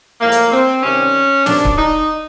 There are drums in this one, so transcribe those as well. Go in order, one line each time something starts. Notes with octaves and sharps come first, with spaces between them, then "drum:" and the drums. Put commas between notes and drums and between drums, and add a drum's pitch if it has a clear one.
A2 F3 G#3 A#3
drum: hi-hat
C4
C3 D#3 G3 C#4
C3 D#3 F#3 D4, drum: snare
drum: kick C#1
D#4